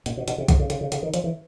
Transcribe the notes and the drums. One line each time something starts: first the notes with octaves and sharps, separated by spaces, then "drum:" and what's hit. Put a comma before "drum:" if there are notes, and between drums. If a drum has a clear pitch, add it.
A#2, drum: hi-hat
B2
B2, drum: hi-hat
C3
C3, drum: kick B1, hi-hat
C#3
C#3, drum: hi-hat
C#3
C#3, drum: hi-hat
D#3
F3, drum: hi-hat
E3